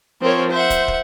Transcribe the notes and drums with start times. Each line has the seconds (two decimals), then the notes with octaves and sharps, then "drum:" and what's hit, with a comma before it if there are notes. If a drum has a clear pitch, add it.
0.22 F3 C4 A#4 C#5
0.52 C5 E5 F#5
0.70 drum: kick, hi-hat
0.88 drum: kick